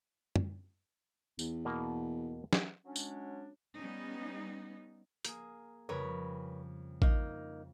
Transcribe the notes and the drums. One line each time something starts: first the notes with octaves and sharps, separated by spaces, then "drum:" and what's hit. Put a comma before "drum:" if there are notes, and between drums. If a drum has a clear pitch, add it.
drum: tom
E2, drum: tambourine
B2 A#3
drum: snare
F#3 G#3 C#4 D4
drum: tambourine
G3 B3 C#4 D#4
A#3 G#4, drum: hi-hat
F2 C#3 G3 A#4 B4 C#5
A#3 D#4, drum: kick A1